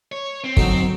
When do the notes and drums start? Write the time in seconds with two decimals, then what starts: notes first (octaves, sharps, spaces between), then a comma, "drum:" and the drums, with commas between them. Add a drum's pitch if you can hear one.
0.12 C#5
0.44 C4
0.57 D3 F#3 D#4, drum: kick